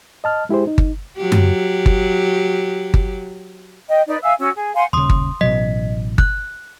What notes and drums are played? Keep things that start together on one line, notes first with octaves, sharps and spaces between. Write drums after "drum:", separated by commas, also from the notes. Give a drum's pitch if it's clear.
D#5 A5 F6
G#3 E4 G4 G#4 C5
D#4
drum: kick G1
F#3 G4
drum: tom F#2
drum: kick G1
drum: kick G1
D#5 G5
D#4 B4 D5 D#5
E5 F5 G#5 E6
C#4 F#4 E6
G#4
F5 F#5 G#5 C6
D#1 C#3 C6 D#6
drum: kick G1
A1 B2 F#3 D#5 B6
F#6, drum: kick G1